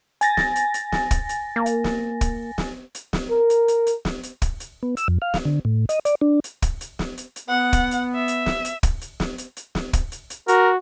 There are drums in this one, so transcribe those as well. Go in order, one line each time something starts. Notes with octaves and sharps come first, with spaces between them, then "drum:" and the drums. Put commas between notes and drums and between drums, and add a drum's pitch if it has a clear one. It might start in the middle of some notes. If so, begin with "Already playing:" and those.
G#5 A6 A#6, drum: hi-hat
drum: snare
drum: hi-hat
drum: hi-hat
drum: snare
drum: kick, hi-hat
drum: hi-hat
A#3
drum: hi-hat
drum: snare
drum: kick, hi-hat
drum: snare
drum: hi-hat
drum: snare
A#4
drum: hi-hat
drum: hi-hat
drum: hi-hat
drum: snare
drum: hi-hat
drum: kick, hi-hat
drum: hi-hat
B3
E6, drum: hi-hat
F2
F5
drum: snare
D3
A2
D#5, drum: hi-hat
D5, drum: hi-hat
D4
drum: hi-hat
drum: kick, hi-hat
drum: hi-hat
drum: snare
drum: hi-hat
drum: hi-hat
B3 F#5
drum: kick, hi-hat
drum: hi-hat
E5
drum: hi-hat
drum: snare
drum: hi-hat
drum: kick, hi-hat
drum: hi-hat
drum: snare
drum: hi-hat
drum: hi-hat
drum: snare
drum: kick, hi-hat
drum: hi-hat
drum: hi-hat
F#4 A#4, drum: hi-hat